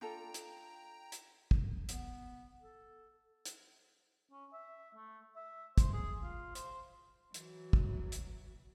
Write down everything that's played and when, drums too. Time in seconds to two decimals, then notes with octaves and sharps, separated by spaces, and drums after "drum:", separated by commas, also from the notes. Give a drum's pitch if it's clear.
0.01 D4 F4 A4 G5 A#5
0.34 drum: hi-hat
1.12 drum: hi-hat
1.51 drum: kick
1.89 B3, drum: hi-hat
2.61 A4
3.46 drum: hi-hat
4.32 C#4
4.53 E5
4.95 A3
5.36 E5
5.78 C5, drum: kick, hi-hat
5.93 G#4
6.23 F4
6.55 C5, drum: hi-hat
7.34 E3 F#3, drum: hi-hat
7.73 drum: kick
8.12 drum: hi-hat